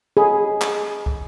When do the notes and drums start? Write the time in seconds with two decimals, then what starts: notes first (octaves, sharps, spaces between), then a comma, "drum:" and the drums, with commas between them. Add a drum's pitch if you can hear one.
0.17 G#4 B5
0.61 drum: clap
1.06 drum: kick